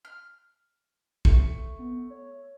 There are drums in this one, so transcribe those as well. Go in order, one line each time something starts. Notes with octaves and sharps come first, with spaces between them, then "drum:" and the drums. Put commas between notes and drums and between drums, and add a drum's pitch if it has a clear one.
F6
A3, drum: kick A#1
B3
C#5